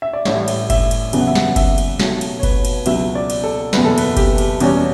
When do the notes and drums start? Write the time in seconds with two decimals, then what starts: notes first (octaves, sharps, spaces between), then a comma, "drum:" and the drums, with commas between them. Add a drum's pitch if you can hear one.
0.02 E5
0.13 D5
0.25 A1 A2 G3 C#5, drum: snare
0.48 drum: cymbal
0.70 E5, drum: kick F#1, cymbal
0.91 drum: cymbal
1.13 F#1 E2 C#3 F#3 B3, drum: cymbal
1.21 F#5
1.27 E5
1.35 F#5, drum: snare
1.56 E5, drum: kick F#1, cymbal
1.78 drum: cymbal
2.00 B1 B2 F#3 A3 C#5, drum: snare
2.21 drum: cymbal
2.39 C#5
2.43 B4, drum: kick F#1, cymbal
2.65 drum: cymbal
2.86 C#2 B2 F#3 E5, drum: cymbal
3.15 D5
3.30 drum: cymbal
3.44 A4
3.73 F#1 E2 B2 B4, drum: snare
3.85 A4
3.98 B4, drum: cymbal
4.17 G4, drum: kick F#1, cymbal
4.38 drum: cymbal
4.60 E2 B2 G3 C#4, drum: cymbal